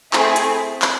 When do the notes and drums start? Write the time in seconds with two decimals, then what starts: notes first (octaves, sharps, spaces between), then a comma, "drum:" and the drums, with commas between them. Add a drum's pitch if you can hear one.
0.13 A3 C4 E4 G#4, drum: clap
0.36 drum: hi-hat
0.82 drum: clap